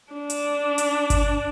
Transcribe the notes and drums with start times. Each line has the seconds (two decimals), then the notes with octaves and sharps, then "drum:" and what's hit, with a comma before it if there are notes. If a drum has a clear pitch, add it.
0.13 D4
0.30 drum: hi-hat
0.78 drum: hi-hat
1.10 drum: kick G1, hi-hat